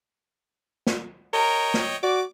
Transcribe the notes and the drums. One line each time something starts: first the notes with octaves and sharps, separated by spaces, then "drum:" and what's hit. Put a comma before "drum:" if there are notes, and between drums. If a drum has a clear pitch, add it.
drum: snare
A#4 C#5 D#5 G5
drum: snare
F#4 D5 D6